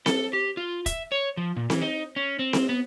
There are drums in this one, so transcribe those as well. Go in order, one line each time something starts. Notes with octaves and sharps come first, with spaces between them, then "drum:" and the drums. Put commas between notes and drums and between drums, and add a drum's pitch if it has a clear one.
A4, drum: snare C4
G4
F4
E5, drum: kick E1, hi-hat
C#5
F3
A#2
E3, drum: snare C4
D#4
C#4
C4
drum: snare C4
B3